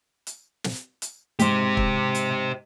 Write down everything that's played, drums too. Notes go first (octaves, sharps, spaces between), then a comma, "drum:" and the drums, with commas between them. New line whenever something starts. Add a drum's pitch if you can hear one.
drum: hi-hat
drum: snare
drum: hi-hat
G#2 G4 C5, drum: hi-hat
drum: kick
drum: hi-hat